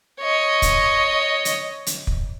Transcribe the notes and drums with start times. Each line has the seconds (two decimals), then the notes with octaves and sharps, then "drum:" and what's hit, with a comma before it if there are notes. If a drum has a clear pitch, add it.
0.21 C#5 D#5
0.62 drum: kick, hi-hat
1.45 drum: hi-hat
1.86 drum: hi-hat
2.07 drum: kick